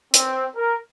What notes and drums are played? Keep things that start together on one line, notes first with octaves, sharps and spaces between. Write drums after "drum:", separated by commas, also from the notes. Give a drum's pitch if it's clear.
C4, drum: hi-hat
A#4